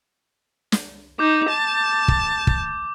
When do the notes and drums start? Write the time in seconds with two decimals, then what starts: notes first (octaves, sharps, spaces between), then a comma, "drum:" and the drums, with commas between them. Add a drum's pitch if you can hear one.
0.72 drum: snare
1.19 D#4 D6 G6
1.50 A5
2.08 drum: kick
2.47 drum: kick